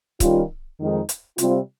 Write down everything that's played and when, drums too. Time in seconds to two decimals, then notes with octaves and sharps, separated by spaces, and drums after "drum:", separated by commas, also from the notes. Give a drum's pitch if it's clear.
0.20 D#3 G3 C#4 F4, drum: kick C#1, hi-hat
0.79 F2 D#3 G#3 D#4
1.09 drum: hi-hat
1.38 C3 G3 C4 F4, drum: hi-hat